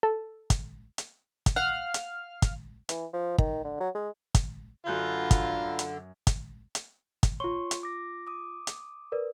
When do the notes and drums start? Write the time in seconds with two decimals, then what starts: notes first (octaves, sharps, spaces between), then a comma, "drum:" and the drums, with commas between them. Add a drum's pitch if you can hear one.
0.03 A4
0.50 drum: kick, hi-hat
0.98 drum: hi-hat
1.46 drum: kick, hi-hat
1.56 F5 F#5 F6
1.94 drum: hi-hat
2.42 drum: kick, hi-hat
2.89 E3, drum: hi-hat
3.13 F3
3.38 D#3, drum: kick
3.65 D3
3.80 F#3
3.95 G#3
4.35 drum: kick, hi-hat
4.86 F#2 D3 F4 B4 F5 A#5 F#6 G6
5.31 drum: kick, hi-hat
5.79 drum: hi-hat
6.27 drum: kick, hi-hat
6.75 drum: hi-hat
7.23 drum: kick, hi-hat
7.40 F4 C#5 C6 C#6 G7
7.71 drum: hi-hat
7.83 D6 A#6
8.27 D6 D#6
8.67 drum: hi-hat
9.12 A#4 B4 D5